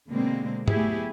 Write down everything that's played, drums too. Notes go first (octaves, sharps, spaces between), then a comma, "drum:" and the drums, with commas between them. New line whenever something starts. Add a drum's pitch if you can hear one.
B2 D3 G#3 A#3 C4
F#3 A3 B3 E4 G4 G#4, drum: tom